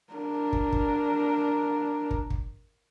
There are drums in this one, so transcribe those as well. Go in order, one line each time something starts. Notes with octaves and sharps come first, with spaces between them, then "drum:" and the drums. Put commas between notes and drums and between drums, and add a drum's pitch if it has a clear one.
D4 A#4
drum: kick
drum: kick
drum: kick
drum: kick